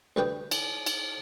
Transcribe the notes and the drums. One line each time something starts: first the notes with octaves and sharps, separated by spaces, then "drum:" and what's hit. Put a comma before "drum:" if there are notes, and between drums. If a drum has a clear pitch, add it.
D2 G3 B4 G5 D#6
drum: cymbal
drum: cymbal